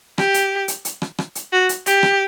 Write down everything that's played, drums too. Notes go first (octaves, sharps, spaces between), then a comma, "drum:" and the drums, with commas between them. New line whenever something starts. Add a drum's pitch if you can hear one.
G4, drum: rim click
drum: hi-hat
drum: hi-hat
drum: hi-hat
drum: rim click
drum: rim click
drum: hi-hat
F#4
drum: hi-hat
G4, drum: hi-hat
drum: rim click